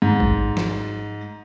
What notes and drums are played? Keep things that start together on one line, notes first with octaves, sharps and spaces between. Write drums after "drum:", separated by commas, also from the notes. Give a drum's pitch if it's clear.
G#2
drum: kick G#1
drum: snare